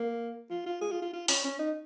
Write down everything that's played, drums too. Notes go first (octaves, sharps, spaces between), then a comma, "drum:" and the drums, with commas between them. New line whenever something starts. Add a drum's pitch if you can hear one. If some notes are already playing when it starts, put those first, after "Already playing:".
Already playing: A#3
F4
F4
G#4
F4
F4
F4
C#4, drum: open hi-hat
C#4
D#4